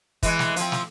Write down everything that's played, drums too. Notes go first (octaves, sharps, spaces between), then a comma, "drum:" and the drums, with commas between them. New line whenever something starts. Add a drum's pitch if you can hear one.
E3 G#3, drum: kick, hi-hat
drum: snare
F3 C4, drum: hi-hat
drum: snare